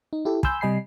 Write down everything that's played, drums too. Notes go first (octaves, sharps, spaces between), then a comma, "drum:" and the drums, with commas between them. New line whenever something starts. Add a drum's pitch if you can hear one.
D#4
E4 G4 A4
G#5 B5 C6 E6 G6, drum: kick
C3 G3 D#5 G#5 B5 C7